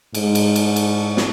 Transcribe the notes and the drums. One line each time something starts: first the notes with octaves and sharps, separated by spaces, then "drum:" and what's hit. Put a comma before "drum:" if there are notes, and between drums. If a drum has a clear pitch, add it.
G#2, drum: cymbal
drum: cymbal
drum: cymbal
drum: cymbal
drum: snare